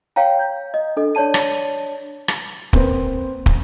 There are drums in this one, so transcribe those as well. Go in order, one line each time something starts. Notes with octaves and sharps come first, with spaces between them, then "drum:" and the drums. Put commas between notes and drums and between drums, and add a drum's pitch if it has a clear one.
C#5 F5 G5 A#5
G6
D#5
D4 A4 D#5
D4 C#5 D5 A5 D#7
drum: rim click
drum: rim click
A#3 C4 B4 C5, drum: kick
drum: kick